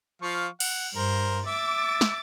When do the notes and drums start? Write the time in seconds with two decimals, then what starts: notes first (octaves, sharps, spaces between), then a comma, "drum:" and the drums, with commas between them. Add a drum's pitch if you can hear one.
0.22 F3 F5 C#6
0.60 F#5, drum: cymbal
0.96 G2 A#4 C5
1.47 E5 D6 A6
2.01 drum: snare